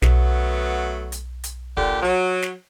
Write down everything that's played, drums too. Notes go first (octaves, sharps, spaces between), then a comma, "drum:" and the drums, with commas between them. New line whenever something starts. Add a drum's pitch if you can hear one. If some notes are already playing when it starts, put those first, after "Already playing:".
B1 F#3 A3 B3, drum: snare
drum: hi-hat
drum: hi-hat
A#2 D3 G4, drum: kick
F#3
drum: snare